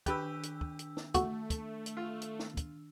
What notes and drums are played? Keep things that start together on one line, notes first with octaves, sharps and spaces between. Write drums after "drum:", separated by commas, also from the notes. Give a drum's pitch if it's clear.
D#3 D4 G4 B4 E6, drum: kick, hi-hat
drum: hi-hat
drum: kick
drum: hi-hat
drum: snare
A3 F#4, drum: kick, hi-hat
drum: kick, hi-hat
drum: hi-hat
F4
drum: hi-hat
drum: snare
drum: kick, hi-hat